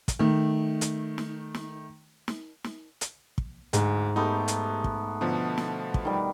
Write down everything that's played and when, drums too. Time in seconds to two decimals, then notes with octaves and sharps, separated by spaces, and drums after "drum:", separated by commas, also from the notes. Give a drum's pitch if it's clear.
0.08 drum: kick, hi-hat
0.19 D#3 A3
0.81 drum: hi-hat
1.18 drum: snare
1.55 drum: snare
2.28 drum: snare
2.64 drum: snare
3.01 drum: hi-hat
3.38 drum: kick
3.73 D2 G#2, drum: hi-hat
4.16 A3 B3 D#4 G4
4.48 drum: hi-hat
4.84 drum: kick
5.21 B2 D3 F3 B3
5.58 drum: snare
5.94 drum: kick
6.05 D#3 G3